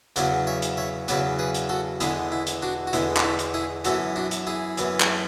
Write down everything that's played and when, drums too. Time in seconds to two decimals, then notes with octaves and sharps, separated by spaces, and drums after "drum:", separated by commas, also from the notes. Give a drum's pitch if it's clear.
0.16 E2 C#3 F#3 B3 D5 F#5, drum: hi-hat
0.47 C#5 E5
0.62 drum: hi-hat
0.77 C#5 E5
1.08 E2 C#3 F#3 B3 B4 D5, drum: hi-hat
1.39 G#4 B4
1.54 drum: hi-hat
1.69 F#4 A4
2.00 E2 D3 G#3 B3 E4 G#4, drum: hi-hat
2.32 E4
2.47 drum: hi-hat
2.62 D4 F#4
2.87 F#4
2.93 E2 D3 G#3 B3 E4, drum: hi-hat
3.17 D4, drum: clap
3.23 E4
3.39 drum: hi-hat
3.54 E4 G#4
3.84 F#2 E3 B3 F#4 A4, drum: hi-hat
4.16 D4 F#4
4.31 drum: hi-hat
4.47 E4 G#4
4.77 F#2 E3 B3, drum: hi-hat
5.00 drum: clap